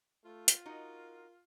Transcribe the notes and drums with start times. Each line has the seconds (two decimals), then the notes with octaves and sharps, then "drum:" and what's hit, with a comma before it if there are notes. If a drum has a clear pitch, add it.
0.25 A3 F4
0.48 drum: hi-hat
0.66 D#4 F#4 A#4 D#5